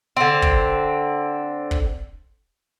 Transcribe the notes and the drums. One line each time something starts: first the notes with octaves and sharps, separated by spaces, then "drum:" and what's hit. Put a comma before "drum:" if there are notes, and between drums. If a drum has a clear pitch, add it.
D3 C4
drum: kick
drum: kick